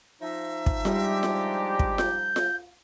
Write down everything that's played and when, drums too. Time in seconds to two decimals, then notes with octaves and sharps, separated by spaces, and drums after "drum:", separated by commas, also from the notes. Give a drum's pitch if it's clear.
0.21 F3 D#4 E5
0.66 drum: kick
0.85 G3 G#3 D4 G4, drum: snare F4
1.23 drum: snare F4
1.79 drum: kick
1.98 G6, drum: snare F4
2.36 drum: snare F4